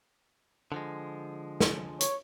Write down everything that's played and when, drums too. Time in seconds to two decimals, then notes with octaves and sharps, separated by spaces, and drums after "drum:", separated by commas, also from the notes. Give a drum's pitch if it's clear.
0.72 D3 F3 G#3
1.60 drum: snare
2.01 C#5, drum: hi-hat